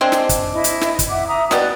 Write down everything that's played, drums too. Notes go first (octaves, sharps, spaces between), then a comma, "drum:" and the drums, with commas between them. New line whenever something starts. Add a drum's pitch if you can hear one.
G#3 C4 D4
drum: snare
drum: kick, hi-hat
E4 D#5
drum: hi-hat
drum: snare
drum: kick, hi-hat
E5 F#5 D6
E5 A#5 D#6
B2 G3 B3 F#4 D5, drum: snare